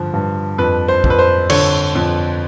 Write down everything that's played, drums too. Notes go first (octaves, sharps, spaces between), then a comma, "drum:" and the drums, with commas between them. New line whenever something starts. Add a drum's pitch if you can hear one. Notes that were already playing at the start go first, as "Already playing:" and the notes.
Already playing: G2 D3 F3
G2
F2 B4
C5
F2, drum: kick
B4
C5
D3 C#5, drum: cymbal
F2